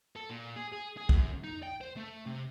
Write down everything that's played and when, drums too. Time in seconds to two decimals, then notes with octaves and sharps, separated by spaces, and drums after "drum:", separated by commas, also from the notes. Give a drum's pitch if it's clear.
0.16 A4
0.30 A#2
0.56 G#4
0.72 G#4
0.97 G#4
1.09 F#2, drum: kick
1.44 D#4
1.63 G5
1.81 C5
1.97 A3
2.26 C3